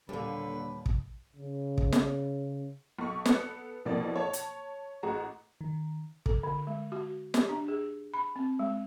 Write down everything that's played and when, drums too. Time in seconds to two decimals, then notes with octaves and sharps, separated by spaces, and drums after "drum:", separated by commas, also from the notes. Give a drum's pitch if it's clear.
0.09 D#2 A#2 D3 G3 B4
0.86 drum: kick
1.36 C#3
1.78 drum: kick
1.92 drum: snare
2.99 B1 C#6
3.25 B3 A4 F#6 C#7, drum: snare
3.85 A#1 F2 B2 E3 A#3 D5
4.16 C#5 A5
4.33 drum: hi-hat
5.03 A1 F#4 G#4 A#5
5.61 D#3
6.26 A4, drum: kick
6.43 D3
6.67 G#3
6.92 F#4
7.34 G4, drum: snare
7.49 D4
7.68 G#4
8.14 B5
8.36 C4
8.59 G#3